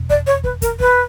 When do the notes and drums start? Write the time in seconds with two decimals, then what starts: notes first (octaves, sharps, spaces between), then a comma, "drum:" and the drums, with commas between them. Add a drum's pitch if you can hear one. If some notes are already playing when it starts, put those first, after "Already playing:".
Already playing: F1 E2 B2
0.10 D5, drum: kick
0.27 C#5
0.44 B4, drum: kick
0.62 A#4, drum: kick, hi-hat
0.80 B4, drum: kick